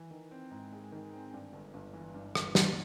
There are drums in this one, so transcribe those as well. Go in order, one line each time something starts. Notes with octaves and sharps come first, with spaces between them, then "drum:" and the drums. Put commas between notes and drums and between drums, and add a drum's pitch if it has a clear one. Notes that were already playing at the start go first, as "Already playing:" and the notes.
Already playing: E3
D#3
C4
G#2
G#3
D#3
C4
G2
G1
G1
E3
G2
G1, drum: rim click
D#2, drum: snare